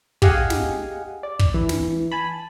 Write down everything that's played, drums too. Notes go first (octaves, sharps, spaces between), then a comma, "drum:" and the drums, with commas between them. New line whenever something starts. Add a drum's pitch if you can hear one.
G4 G#4 D#5 F5 F#5 G#5, drum: kick
drum: snare
D5
drum: kick
E3
drum: snare
G#5 A5 B5